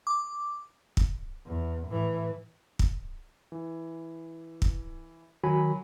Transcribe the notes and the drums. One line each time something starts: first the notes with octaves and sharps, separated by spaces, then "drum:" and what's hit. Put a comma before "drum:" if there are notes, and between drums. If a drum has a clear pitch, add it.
D6
drum: kick
E2
A2 E3
drum: kick
E3
drum: kick
D#3 F#3 F#4 G#5 B5